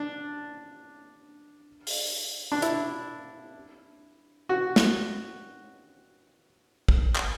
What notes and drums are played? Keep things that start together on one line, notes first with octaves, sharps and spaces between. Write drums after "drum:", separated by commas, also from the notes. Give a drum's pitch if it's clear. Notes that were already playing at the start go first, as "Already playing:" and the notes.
Already playing: D4
drum: open hi-hat
D4
E4, drum: hi-hat
F#4
drum: snare
drum: kick
drum: clap